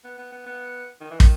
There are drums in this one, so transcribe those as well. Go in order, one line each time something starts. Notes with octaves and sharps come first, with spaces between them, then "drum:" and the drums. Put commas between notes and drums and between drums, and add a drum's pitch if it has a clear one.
B3
B3
B3
B3
D#3
E3
D#3, drum: kick